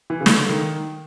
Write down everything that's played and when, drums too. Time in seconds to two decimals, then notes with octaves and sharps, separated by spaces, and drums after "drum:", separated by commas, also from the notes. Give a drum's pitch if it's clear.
0.10 E3
0.21 C#3
0.26 D3, drum: snare
0.49 D#3